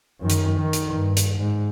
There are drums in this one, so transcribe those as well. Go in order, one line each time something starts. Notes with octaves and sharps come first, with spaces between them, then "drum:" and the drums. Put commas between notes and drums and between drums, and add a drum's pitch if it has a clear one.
F#2 D#3
drum: hi-hat
D#3
drum: hi-hat
G2
drum: hi-hat
G#2